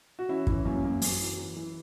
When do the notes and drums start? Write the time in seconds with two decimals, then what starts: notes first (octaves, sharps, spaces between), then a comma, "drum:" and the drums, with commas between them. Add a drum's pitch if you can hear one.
0.19 F#4
0.28 E3 C#4 E4
0.47 E3 C#4 E4, drum: kick
0.65 F#2 A#3 C#4
0.84 F#2 A#3
1.02 F#2, drum: open hi-hat
1.20 E3
1.38 E3
1.57 E3